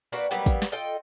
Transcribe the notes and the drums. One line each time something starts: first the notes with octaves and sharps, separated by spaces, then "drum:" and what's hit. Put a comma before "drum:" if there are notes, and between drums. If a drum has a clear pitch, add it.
A#3 D4 F#4 B4
F#3 G3 A#3 B3, drum: hi-hat
drum: kick, hi-hat
drum: snare
F4 A4 D#5 G5